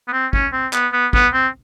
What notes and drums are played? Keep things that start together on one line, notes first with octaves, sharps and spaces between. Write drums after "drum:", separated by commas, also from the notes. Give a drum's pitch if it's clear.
B3
C4
C#4, drum: kick
C4
B3, drum: clap
B3
B3, drum: kick
C4